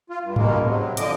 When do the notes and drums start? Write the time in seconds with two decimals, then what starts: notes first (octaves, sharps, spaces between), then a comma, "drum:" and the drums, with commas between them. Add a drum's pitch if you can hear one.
0.10 F4
0.23 G2
0.36 G2 B2 G#3 A#3, drum: tom G#2
0.66 C3 F#3
0.97 D3 F3 D#5 D6, drum: hi-hat